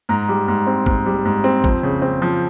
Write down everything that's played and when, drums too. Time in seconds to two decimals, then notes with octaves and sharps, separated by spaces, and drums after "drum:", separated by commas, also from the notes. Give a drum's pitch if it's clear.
0.09 G#2 A#5
0.29 G3
0.48 G#2
0.67 C4
0.86 G#2, drum: kick A1
1.06 G3
1.25 G#2
1.44 C4
1.64 F2, drum: kick A1
1.83 C#3
2.02 C4
2.22 F3